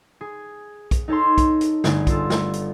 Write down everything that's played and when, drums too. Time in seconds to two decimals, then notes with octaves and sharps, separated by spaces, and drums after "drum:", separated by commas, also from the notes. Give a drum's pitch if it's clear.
0.21 G#4
0.91 drum: kick, hi-hat
1.08 D#4 A4 C#5 A5 C6
1.38 drum: kick, hi-hat
1.61 drum: hi-hat
1.84 G1 G#4, drum: snare
2.07 F4 A4, drum: kick, hi-hat
2.30 drum: snare
2.53 drum: hi-hat